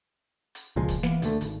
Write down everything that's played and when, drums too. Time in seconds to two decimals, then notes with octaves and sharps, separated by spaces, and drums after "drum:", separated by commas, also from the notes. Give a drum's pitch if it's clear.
0.55 drum: hi-hat
0.76 C#2 A#2 F3 G#3
0.88 drum: kick, hi-hat
1.03 E3 A#3 B3, drum: snare
1.22 D2 D3 A3, drum: hi-hat
1.41 G#1, drum: hi-hat